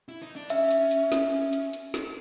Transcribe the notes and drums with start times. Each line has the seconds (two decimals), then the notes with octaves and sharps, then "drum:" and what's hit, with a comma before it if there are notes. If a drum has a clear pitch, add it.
0.08 E4
0.22 D#4
0.36 D4
0.50 C#4 E5, drum: hi-hat
0.71 drum: hi-hat
0.91 drum: hi-hat
1.12 drum: snare
1.53 drum: hi-hat
1.73 drum: hi-hat
1.94 drum: snare